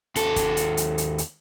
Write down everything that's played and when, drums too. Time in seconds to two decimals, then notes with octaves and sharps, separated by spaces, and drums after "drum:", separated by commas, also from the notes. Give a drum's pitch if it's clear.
0.16 D#2 A4, drum: hi-hat
0.36 drum: kick, hi-hat
0.57 drum: hi-hat
0.77 drum: hi-hat
0.98 drum: hi-hat
1.18 drum: hi-hat